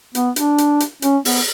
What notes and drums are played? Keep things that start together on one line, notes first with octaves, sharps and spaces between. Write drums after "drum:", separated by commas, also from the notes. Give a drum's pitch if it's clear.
B3, drum: hi-hat
D4, drum: hi-hat
drum: hi-hat
drum: hi-hat
C#4, drum: hi-hat
B3, drum: open hi-hat